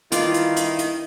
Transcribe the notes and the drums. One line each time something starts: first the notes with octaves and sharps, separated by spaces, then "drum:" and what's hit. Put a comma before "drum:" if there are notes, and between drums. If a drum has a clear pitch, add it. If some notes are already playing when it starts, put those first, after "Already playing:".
D#3 E3 G3 E4 F4 D5 F5, drum: hi-hat
drum: hi-hat
drum: hi-hat
drum: hi-hat